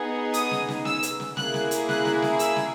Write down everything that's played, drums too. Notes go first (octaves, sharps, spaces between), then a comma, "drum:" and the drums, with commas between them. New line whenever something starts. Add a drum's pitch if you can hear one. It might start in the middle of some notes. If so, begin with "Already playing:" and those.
Already playing: B3 D#4 G#4
D#6, drum: hi-hat
drum: snare
drum: snare
E6, drum: snare
drum: hi-hat
drum: snare
A#3 E4 G#4 F#6, drum: snare
drum: snare
drum: hi-hat
F#6, drum: snare
drum: snare
drum: snare
E6, drum: hi-hat
drum: snare